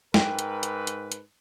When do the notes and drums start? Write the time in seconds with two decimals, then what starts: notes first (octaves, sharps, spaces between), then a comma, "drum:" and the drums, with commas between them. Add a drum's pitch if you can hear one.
0.14 G#2 A#4 B4 G5, drum: snare
0.39 drum: hi-hat
0.63 drum: hi-hat
0.87 drum: hi-hat
1.12 drum: hi-hat